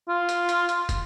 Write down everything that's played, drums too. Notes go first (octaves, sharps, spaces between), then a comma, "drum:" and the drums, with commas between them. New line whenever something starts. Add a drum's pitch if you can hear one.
F4
drum: hi-hat
drum: hi-hat
drum: hi-hat
drum: kick, hi-hat